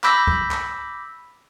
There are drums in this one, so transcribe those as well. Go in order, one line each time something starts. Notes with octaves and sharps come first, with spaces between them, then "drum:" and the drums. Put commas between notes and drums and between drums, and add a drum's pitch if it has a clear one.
B5 D6 E6 G6 A#6 B6, drum: clap
drum: kick C2
drum: clap